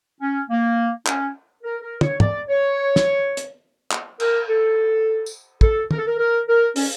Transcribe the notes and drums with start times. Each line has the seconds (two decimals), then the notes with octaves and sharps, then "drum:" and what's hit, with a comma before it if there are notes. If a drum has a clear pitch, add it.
0.20 C#4
0.49 A#3
1.06 C#4, drum: clap
1.64 A#4
1.82 A#4
2.01 C#5, drum: tom
2.20 D5, drum: tom
2.49 C#5
2.96 drum: snare
3.37 drum: hi-hat
3.91 drum: clap
4.20 A#4, drum: cymbal
4.48 A4
5.26 drum: tambourine
5.61 A4, drum: kick
5.91 A#4, drum: tom
5.98 A4
6.06 A#4
6.18 A#4
6.47 A#4
6.76 C#4, drum: open hi-hat